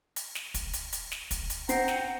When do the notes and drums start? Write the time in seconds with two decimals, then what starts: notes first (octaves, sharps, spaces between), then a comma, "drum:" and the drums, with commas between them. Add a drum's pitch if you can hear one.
0.16 drum: hi-hat
0.35 drum: snare
0.54 drum: kick, hi-hat
0.73 drum: hi-hat
0.93 drum: hi-hat
1.12 drum: snare
1.31 drum: kick, hi-hat
1.50 drum: hi-hat
1.69 C4 F#5 G5 A#5 C7, drum: hi-hat
1.88 drum: snare